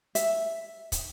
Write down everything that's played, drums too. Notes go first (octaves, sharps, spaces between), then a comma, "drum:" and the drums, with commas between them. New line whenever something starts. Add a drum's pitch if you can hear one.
E5, drum: hi-hat
drum: kick, hi-hat